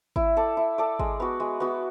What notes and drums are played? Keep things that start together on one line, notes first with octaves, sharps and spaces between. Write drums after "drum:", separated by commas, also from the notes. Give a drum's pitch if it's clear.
E4, drum: kick G#1
A4 D5
E4
A4 D5
G#3, drum: kick G#1
B3 F#4
G#3
B3 F#4